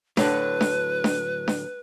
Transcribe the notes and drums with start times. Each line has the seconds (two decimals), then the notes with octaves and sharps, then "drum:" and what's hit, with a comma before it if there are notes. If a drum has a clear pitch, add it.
0.17 A2 D3 F#3 B4, drum: snare D4
0.61 drum: snare D4
1.04 drum: snare D4
1.48 drum: snare D4